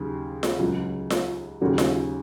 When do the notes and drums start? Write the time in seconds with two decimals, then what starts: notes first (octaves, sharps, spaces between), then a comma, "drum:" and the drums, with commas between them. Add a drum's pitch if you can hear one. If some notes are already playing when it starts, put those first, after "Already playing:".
Already playing: D#2 C#3 F#3
0.43 drum: snare F4
0.59 C#2 C#3 F#3
1.10 drum: snare F4
1.61 D#2 C#3 F#3 C#4 F#4
1.78 drum: snare F4